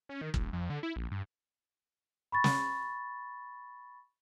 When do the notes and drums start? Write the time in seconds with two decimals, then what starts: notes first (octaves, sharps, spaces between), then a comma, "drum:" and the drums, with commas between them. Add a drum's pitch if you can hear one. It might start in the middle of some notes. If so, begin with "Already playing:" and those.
0.09 C#4
0.21 D#3
0.34 D#1, drum: kick
0.53 F2
0.70 D3
0.83 E4
0.96 A#1
1.11 G2
2.32 B5 C#6 A6
2.44 drum: snare